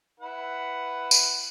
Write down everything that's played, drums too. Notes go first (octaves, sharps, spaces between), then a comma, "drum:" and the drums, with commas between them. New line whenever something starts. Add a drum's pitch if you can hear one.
E4 B4 F#5
drum: tambourine